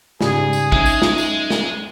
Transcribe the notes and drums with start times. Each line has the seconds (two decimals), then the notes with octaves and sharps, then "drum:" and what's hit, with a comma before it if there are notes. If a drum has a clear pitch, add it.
0.21 G#2 C#3 G3 G#4, drum: snare
0.53 drum: tambourine
0.72 G#3 C#4 D#4 E5, drum: kick
0.85 drum: tambourine
1.02 drum: snare
1.18 drum: tambourine
1.50 drum: snare